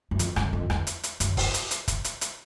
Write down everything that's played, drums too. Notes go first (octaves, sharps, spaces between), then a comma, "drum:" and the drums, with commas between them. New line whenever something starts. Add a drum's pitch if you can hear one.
F#2
F2, drum: hi-hat
F#2, drum: rim click
F2
E2, drum: rim click
drum: hi-hat
drum: hi-hat
F#2, drum: hi-hat
drum: kick, open hi-hat
drum: hi-hat
drum: hi-hat
drum: kick, hi-hat
drum: hi-hat
drum: hi-hat